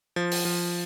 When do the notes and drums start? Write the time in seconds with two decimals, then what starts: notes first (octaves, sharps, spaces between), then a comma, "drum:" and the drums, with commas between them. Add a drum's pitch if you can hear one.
0.16 F3
0.32 drum: open hi-hat
0.45 F3